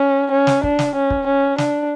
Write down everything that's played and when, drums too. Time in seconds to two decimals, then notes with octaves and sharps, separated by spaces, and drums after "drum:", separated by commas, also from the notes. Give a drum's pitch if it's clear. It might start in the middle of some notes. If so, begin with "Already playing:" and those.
Already playing: C#4
0.31 C#4
0.47 drum: snare
0.63 D4, drum: kick
0.79 drum: snare
0.95 C#4
1.10 drum: kick
1.26 C#4
1.58 D4, drum: snare